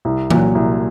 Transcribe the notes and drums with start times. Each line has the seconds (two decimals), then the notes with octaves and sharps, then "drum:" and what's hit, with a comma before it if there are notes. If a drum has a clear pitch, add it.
0.05 C2
0.30 A#2 F#3, drum: tom E3
0.55 C2